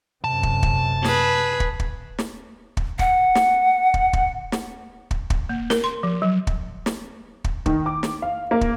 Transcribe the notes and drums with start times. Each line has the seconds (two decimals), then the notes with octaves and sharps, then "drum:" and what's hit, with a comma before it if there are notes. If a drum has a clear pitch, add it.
0.24 F#2 C3 A5
0.43 drum: kick
0.63 drum: kick
1.04 G#4 B4, drum: snare
1.60 drum: kick
1.80 drum: kick
2.19 drum: snare
2.77 drum: kick
2.99 F#5, drum: kick
3.35 drum: snare
3.94 drum: kick
4.13 drum: kick
4.52 drum: snare
5.11 drum: kick
5.30 drum: kick
5.49 A#3
5.70 A#4, drum: snare
5.84 C6
6.03 F3
6.22 F#3
6.47 drum: kick
6.86 drum: snare
7.44 drum: kick
7.66 D#3, drum: kick
7.86 D6
8.03 drum: snare
8.22 F5
8.51 A#3
8.61 drum: kick